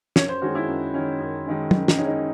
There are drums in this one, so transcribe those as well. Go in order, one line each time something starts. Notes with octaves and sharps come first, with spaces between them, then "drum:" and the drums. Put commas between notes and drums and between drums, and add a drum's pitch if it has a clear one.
F#2 C#5, drum: snare
C5
D#3 G#3 C#4 F#4
E4
F#2
D#3 G#3 C#4
F#2
D#3 G#3 C#4
F#2, drum: tom
D#4, drum: snare
D#3 G#3 C#4
D#4